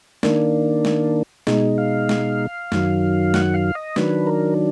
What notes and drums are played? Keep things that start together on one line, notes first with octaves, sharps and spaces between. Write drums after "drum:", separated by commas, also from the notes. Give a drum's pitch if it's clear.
D#3 A#3 D4, drum: snare
drum: snare
B2 G#3 D#4, drum: snare
F5
drum: snare
F#2 D#3 F#3, drum: snare
F#5, drum: snare
F5
D#5
D#3 F#3 D4 B4, drum: snare
A#4